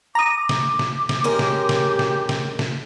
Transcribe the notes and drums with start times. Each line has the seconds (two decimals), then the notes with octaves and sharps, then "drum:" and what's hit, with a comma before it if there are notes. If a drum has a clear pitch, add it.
0.15 A#5 D6 D#6
0.49 drum: snare
0.79 drum: snare
1.09 drum: snare
1.24 G#3 C#4 G4 A#4
1.39 drum: snare
1.69 drum: snare
1.99 drum: snare
2.29 drum: snare
2.59 drum: snare